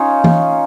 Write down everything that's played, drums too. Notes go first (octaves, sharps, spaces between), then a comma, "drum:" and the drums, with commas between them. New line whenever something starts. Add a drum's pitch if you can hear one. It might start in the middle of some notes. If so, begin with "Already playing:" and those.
Already playing: C#4 D#4 F4
drum: tom E3